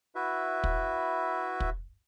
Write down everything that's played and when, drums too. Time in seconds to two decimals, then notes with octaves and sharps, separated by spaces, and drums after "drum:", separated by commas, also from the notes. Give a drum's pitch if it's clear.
0.15 E4 F#4 B4 E5
0.64 drum: kick
1.60 drum: kick